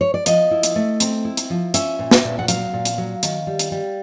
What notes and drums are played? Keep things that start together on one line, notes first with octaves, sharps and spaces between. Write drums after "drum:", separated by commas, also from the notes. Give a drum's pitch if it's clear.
C#5
D5
F3 D#5, drum: hi-hat
E4
drum: hi-hat
A3
C4, drum: hi-hat
E4
drum: hi-hat
F3
C#4 E5, drum: hi-hat
A#2
drum: snare
A#2
F#5
F#3 F5, drum: hi-hat
A#2
drum: hi-hat
F#3
D#3, drum: hi-hat
G3
drum: hi-hat
G3